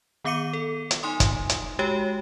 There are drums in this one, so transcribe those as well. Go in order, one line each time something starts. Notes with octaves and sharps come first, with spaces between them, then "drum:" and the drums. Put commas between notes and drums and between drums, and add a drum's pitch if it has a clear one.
D#3 B3 F5 D6 C#7 D#7
A4
drum: hi-hat
D#4 G#5 C6 D#6
drum: kick, hi-hat
drum: hi-hat
G#3 F#4 G4 C#5 G5